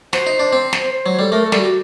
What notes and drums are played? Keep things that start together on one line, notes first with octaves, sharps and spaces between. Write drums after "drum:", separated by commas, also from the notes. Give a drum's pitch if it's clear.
F#4 C5, drum: snare
D#4
D4
C4
drum: snare
C5
F#3
G3 A4
A3 A#4
A4
G3, drum: snare
F#4